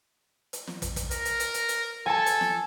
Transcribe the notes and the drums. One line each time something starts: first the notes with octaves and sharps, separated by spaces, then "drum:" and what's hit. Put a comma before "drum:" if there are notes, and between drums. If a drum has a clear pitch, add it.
drum: hi-hat
drum: snare
drum: kick, hi-hat
drum: kick, hi-hat
A#4, drum: hi-hat
drum: hi-hat
drum: hi-hat
drum: hi-hat
drum: hi-hat
A4 G#5 A5
drum: hi-hat
drum: snare